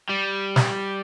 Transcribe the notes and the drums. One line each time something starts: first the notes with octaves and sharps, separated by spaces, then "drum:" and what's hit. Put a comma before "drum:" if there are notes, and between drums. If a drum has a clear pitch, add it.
G3
drum: snare